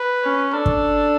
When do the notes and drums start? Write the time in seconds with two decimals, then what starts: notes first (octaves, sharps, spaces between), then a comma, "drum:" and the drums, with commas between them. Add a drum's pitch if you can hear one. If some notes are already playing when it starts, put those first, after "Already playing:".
Already playing: B4
0.24 C#4
0.54 D4 A4
0.66 drum: kick